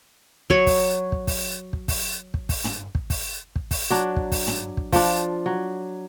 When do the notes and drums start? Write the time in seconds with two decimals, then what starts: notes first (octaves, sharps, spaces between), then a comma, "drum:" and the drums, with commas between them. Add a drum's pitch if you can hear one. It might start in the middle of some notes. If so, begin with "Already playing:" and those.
0.50 F#3 C#5, drum: kick
0.67 drum: kick, open hi-hat
1.12 drum: kick
1.27 drum: kick, open hi-hat
1.73 drum: kick
1.88 drum: kick, open hi-hat
2.34 drum: kick
2.49 drum: kick, open hi-hat
2.64 drum: tom
2.95 drum: kick
3.10 drum: kick, open hi-hat
3.56 drum: kick
3.71 drum: kick, open hi-hat
3.90 F#3 D4
4.16 drum: kick
4.32 drum: kick, open hi-hat
4.47 drum: tom
4.77 drum: kick
4.92 F3 D4, drum: kick, open hi-hat
5.46 F#3